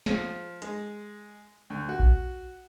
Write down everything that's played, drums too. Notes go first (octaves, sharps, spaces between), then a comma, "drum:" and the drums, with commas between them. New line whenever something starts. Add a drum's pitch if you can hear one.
F3, drum: snare
G#3, drum: hi-hat
D2
F#4
drum: kick A#1